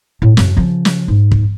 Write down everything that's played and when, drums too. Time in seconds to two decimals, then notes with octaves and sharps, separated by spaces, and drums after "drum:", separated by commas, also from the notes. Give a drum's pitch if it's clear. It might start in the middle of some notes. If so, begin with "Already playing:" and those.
0.22 A2
0.37 F#2 C#3, drum: snare
0.57 C#3 F3
0.85 drum: snare
1.08 G#2
1.31 drum: kick